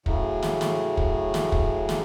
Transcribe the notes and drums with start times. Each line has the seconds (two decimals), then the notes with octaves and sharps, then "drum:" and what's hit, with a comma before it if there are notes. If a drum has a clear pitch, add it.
0.06 A2 C#3 F#3, drum: kick
0.42 drum: snare
0.61 drum: snare
0.97 drum: kick
1.34 drum: snare
1.52 drum: kick
1.89 drum: snare